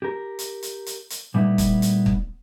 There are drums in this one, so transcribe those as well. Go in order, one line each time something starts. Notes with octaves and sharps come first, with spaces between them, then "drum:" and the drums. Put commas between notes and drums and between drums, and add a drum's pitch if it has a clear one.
G4 A#4
drum: hi-hat
drum: hi-hat
drum: hi-hat
drum: hi-hat
A#2 G3 A3 B3 D#4 E4
drum: kick, hi-hat
drum: hi-hat
drum: kick